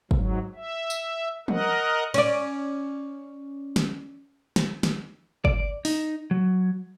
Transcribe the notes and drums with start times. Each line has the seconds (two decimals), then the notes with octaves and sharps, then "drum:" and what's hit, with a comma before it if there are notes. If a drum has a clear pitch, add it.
0.11 G#2 F#3, drum: kick
0.55 E5
0.90 drum: tambourine
1.48 A#4 D#5 F#5, drum: tom E3
2.14 C#4 D5, drum: cymbal
3.76 drum: snare
4.56 drum: snare
4.83 drum: snare
5.45 D5, drum: kick
5.85 D#4, drum: open hi-hat
6.31 F#3